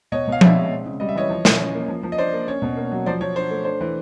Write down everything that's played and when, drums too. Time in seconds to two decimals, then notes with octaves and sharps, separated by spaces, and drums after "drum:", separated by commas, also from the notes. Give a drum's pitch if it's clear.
0.12 B2 C#5 D#5
0.28 B2 F5
0.41 C4 D5 E5, drum: tom F3
0.56 G#3
0.71 C4
0.86 C#3
1.00 G3 D#5
1.09 E5
1.15 E3 C#5 D#5
1.29 F3
1.45 F3, drum: snare
1.60 C#4
1.74 A#3
1.88 F3
2.03 F3
2.12 D#5
2.18 D4 C5 D5
2.33 A#3
2.47 C#4 C#5
2.62 B2
2.76 A#3
2.92 F#3
3.06 F3 C5 D5
3.21 F3 C#5
3.36 D4 C5
3.51 A3
3.65 D4 C5
3.81 E3